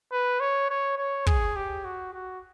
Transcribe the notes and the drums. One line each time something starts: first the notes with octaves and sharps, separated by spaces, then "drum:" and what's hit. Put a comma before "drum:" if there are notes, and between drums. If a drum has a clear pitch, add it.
B4
C#5
C#5
C#5
G#4, drum: kick
G4
F#4
F#4